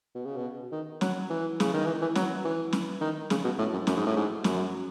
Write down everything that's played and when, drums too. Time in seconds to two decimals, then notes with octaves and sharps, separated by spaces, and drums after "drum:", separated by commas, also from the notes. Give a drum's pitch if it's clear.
0.15 B2
0.25 C#3
0.36 B2
0.72 D#3
1.01 F#3, drum: snare
1.30 E3
1.60 C#3, drum: snare
1.74 D#3
1.86 E3
2.02 E3
2.15 F#3, drum: snare
2.44 E3
2.73 drum: snare
3.01 D#3
3.30 C#3, drum: snare
3.44 B2
3.58 A2
3.73 F#2
3.87 F#2, drum: snare
3.97 G#2
4.06 A2
4.16 G#2
4.44 F#2, drum: snare